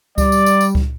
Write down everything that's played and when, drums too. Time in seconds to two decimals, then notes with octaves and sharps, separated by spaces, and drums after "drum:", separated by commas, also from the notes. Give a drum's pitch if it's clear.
0.18 G3 D5, drum: kick C#2, tambourine
0.32 drum: tambourine
0.46 drum: tambourine
0.61 drum: tambourine
0.75 drum: kick C#2